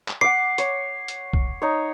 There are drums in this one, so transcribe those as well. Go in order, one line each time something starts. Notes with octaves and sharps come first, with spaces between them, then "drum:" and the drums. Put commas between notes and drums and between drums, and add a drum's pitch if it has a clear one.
drum: clap
F#5 D6 C7
C#5, drum: hi-hat
drum: hi-hat
drum: kick
D#4 C#5